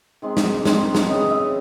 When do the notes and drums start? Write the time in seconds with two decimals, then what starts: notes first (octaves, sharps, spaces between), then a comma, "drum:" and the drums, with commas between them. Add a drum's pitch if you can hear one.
0.22 D#3 G#3 C4
0.37 drum: snare
0.65 D#3 G#3 C4, drum: snare
0.95 drum: snare
1.09 C#3 E3 G3 D#5
1.31 E5